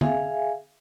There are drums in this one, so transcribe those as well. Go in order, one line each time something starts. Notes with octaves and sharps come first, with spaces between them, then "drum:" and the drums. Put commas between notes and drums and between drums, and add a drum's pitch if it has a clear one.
G#4 E5 F5 G#5, drum: tom